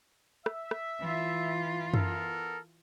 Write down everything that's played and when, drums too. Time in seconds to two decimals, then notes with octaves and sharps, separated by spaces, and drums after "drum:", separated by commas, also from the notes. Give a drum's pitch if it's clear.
0.46 E5, drum: rim click
0.71 drum: rim click
1.00 E3 F4
1.94 B3 A4 A#4, drum: tom F#2